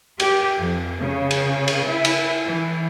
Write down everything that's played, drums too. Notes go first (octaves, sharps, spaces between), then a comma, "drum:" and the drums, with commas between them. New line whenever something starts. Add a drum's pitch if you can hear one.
G4, drum: cymbal
F2
C#3
drum: cymbal
drum: cymbal
E4
drum: cymbal
E3